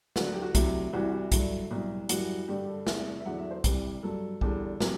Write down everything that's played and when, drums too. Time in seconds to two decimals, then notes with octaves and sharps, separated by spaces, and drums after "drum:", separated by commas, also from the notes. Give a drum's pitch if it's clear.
0.16 D2 D3 F#3 F#4, drum: snare
0.33 G4
0.42 F#4
0.55 D2 C3 F#3 E4, drum: kick, hi-hat
0.93 C2 C3 E3 G3 F#4
1.02 E4
1.10 F#4
1.32 G2 D3 F#3 E4, drum: kick, hi-hat
1.71 C2 B2 F#3
2.09 F#2 E3 G3 F#4, drum: hi-hat
2.48 G2 D3 G3 G4
2.68 A4
2.87 E2 C3 G3 E5, drum: snare
3.20 E5
3.25 E2 D3 F#3 F#5
3.38 E5
3.51 C5
3.64 C2 C3 G3 B4, drum: kick, hi-hat
4.03 G2 F#3 A4
4.41 E2 D3 G3 A4, drum: kick
4.80 C3 F#3, drum: snare